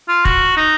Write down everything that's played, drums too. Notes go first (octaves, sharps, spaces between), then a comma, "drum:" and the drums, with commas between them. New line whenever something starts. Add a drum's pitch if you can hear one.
F4
F#4, drum: kick
D#4